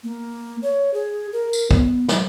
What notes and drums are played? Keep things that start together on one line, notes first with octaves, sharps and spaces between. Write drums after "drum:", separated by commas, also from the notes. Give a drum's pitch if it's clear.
A#3
C#5
G#4
A#4
drum: tambourine
B3, drum: kick
drum: snare